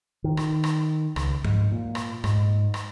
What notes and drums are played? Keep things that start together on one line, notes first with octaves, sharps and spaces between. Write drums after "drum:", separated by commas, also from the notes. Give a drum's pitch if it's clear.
D#3
drum: rim click
drum: rim click
C#2, drum: rim click
G#2, drum: tom F3
A#2
drum: rim click
G#2, drum: rim click
drum: rim click